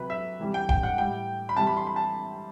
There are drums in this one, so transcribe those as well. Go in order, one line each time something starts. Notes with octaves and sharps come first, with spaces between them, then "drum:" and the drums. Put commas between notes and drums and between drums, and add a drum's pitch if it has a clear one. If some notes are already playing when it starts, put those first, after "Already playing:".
Already playing: C3 F#3 B4
E5
C3 E3 G3
G5
G5, drum: kick E1
F#5
A2 G3 G5
B5
C3 E3 G3 A5
B5
C6
B5
A5